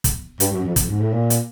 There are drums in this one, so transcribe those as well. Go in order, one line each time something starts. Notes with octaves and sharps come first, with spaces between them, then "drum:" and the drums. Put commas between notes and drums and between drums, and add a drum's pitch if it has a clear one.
drum: kick, hi-hat
G2, drum: hi-hat
F#2
F2
F2, drum: kick, hi-hat
G#2
A2
A#2
drum: hi-hat